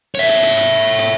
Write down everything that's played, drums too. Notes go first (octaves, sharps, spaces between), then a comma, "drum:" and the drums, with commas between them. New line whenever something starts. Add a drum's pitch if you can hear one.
C#5 E5
drum: hi-hat
drum: hi-hat
drum: hi-hat
drum: hi-hat